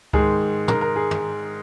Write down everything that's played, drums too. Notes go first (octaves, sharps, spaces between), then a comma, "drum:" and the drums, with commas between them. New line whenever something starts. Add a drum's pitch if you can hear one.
G#2 D#3 G#3 G#4, drum: kick C#2
A#4, drum: tom
A#4
G#4
drum: tom